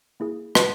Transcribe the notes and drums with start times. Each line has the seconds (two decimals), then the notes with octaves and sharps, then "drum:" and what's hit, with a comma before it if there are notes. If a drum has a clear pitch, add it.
0.20 A#3 E4 G#4
0.55 B4 D#5, drum: rim click